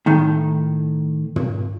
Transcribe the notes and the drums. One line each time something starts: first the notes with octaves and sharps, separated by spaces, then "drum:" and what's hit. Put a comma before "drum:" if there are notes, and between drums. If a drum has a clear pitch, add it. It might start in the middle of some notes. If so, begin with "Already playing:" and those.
A2 D#3
drum: tom